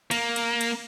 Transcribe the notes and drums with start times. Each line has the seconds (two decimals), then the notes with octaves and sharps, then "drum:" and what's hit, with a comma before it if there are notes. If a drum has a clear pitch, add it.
0.11 A#3, drum: cymbal
0.36 drum: cymbal
0.61 drum: cymbal